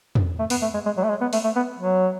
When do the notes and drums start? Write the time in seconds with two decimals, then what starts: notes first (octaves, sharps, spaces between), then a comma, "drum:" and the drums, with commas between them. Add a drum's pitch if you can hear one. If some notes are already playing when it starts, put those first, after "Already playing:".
0.15 drum: tom
0.39 A3
0.50 B3, drum: open hi-hat
0.62 A3
0.74 G#3
0.85 G#3
0.97 F#3
1.04 A3
1.09 G#3
1.21 B3
1.33 A3, drum: open hi-hat
1.44 A3
1.56 B3
1.79 F#3